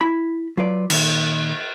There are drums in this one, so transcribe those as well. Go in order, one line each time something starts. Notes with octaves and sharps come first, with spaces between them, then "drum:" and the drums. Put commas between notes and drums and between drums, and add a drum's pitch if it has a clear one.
E4 B5
F#3 F4 B4 D5
A#2 D#3, drum: cymbal